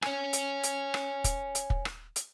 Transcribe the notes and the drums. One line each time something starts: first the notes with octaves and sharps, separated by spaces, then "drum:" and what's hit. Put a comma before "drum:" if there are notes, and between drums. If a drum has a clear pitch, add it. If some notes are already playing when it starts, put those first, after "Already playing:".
C#5 G#5, drum: rim click
drum: hi-hat
drum: hi-hat
drum: rim click
drum: kick, hi-hat
drum: hi-hat
drum: kick
drum: rim click
drum: hi-hat